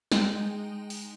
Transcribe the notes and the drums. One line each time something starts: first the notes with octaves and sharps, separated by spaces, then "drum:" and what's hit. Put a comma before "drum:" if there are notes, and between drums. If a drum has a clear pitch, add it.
G#3 D#4 D#5 G5, drum: snare
drum: open hi-hat